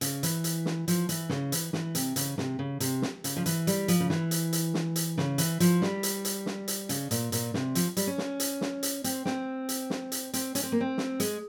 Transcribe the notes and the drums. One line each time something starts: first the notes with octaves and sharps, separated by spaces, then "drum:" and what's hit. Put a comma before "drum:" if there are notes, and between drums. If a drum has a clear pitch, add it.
C#3, drum: hi-hat
E3, drum: hi-hat
drum: hi-hat
drum: snare
F3, drum: hi-hat
E3, drum: hi-hat
C#3, drum: snare
E3, drum: hi-hat
E3, drum: snare
C3, drum: hi-hat
C#3, drum: hi-hat
C3, drum: snare
C#3
C3, drum: hi-hat
drum: snare
C#3, drum: hi-hat
F3
E3, drum: hi-hat
G3, drum: hi-hat
F3, drum: hi-hat
C#3
E3, drum: snare
drum: hi-hat
drum: hi-hat
drum: snare
drum: hi-hat
C#3, drum: snare
E3, drum: hi-hat
F3, drum: hi-hat
G3, drum: snare
drum: hi-hat
drum: hi-hat
drum: snare
drum: hi-hat
C#3, drum: hi-hat
A#2, drum: hi-hat
A#2, drum: hi-hat
C3, drum: snare
F3, drum: hi-hat
G3, drum: hi-hat
C#4
drum: snare
drum: hi-hat
drum: snare
drum: hi-hat
C4, drum: hi-hat
C4, drum: snare
drum: hi-hat
drum: snare
drum: hi-hat
C4, drum: hi-hat
C#4, drum: hi-hat
C4
A#3
C4
drum: snare
G#3, drum: hi-hat